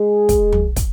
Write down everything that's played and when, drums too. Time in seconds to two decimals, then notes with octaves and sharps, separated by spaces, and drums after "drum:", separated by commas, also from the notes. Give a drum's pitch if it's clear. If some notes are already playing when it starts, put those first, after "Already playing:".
Already playing: G#3 G#4
0.29 drum: kick, hi-hat
0.53 drum: tom
0.76 drum: kick, hi-hat